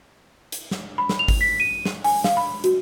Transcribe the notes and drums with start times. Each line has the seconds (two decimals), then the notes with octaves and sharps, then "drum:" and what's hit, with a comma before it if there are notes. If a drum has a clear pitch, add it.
0.52 drum: hi-hat
0.71 drum: snare
0.98 B5
1.09 drum: snare
1.19 F7
1.28 drum: kick G#1, open hi-hat
1.41 B6
1.60 D#7
1.85 drum: snare
2.04 G#5, drum: open hi-hat
2.24 F5, drum: snare
2.37 B5
2.64 F#4, drum: hi-hat